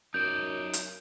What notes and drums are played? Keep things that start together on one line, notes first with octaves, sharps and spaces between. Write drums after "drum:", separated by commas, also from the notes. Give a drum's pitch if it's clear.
F#2 D#4 D5 G6
drum: hi-hat